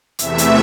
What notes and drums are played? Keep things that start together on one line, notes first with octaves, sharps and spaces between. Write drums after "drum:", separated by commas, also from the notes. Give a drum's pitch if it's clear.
E2 C3 E3 A3 E5, drum: hi-hat
drum: hi-hat